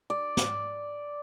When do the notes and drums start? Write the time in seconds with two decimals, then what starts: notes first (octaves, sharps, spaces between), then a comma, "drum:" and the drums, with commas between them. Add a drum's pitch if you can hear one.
0.10 D5
0.37 drum: snare